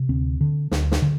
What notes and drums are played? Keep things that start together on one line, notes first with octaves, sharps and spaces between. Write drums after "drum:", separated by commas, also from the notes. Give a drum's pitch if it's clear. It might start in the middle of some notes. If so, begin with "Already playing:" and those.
Already playing: C3
D2 C4
D3
D2, drum: snare
drum: snare
D3